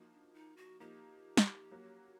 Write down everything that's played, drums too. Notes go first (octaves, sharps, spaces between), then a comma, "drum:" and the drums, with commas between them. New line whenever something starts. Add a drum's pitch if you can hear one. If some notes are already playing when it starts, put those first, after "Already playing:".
Already playing: F3 A#3 D#4 F#4
D4
D#4
F#4
F3 A#3 D#4 G4
drum: snare
F#3 A#3 C#4 F#4